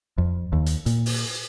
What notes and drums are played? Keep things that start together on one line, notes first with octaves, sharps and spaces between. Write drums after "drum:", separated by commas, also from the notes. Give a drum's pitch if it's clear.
F2
D#2
drum: hi-hat
A#2, drum: hi-hat
drum: open hi-hat